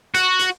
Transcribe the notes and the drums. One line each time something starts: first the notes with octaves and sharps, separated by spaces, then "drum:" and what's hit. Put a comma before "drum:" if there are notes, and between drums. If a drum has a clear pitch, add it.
F#4, drum: hi-hat
drum: hi-hat